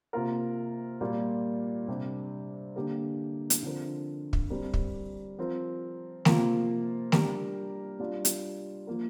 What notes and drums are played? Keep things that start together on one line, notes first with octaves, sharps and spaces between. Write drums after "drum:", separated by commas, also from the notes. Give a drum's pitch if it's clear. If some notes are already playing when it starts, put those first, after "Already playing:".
C3 A#3 F4 A#4
A#2 G3 A#3 F4
C3 G3 D4 G4
D3 A#3 G4 A#4
drum: hi-hat
D3 F3 C4 A#4
drum: kick
G3 C4 A#4
drum: kick
F3 C4 A#4
C3 F3 A#3 F4 A#4, drum: snare A3
G3 D4 G4 A#4, drum: snare A3
G3 D4 F4
drum: hi-hat
F3 A#3 F4 A#4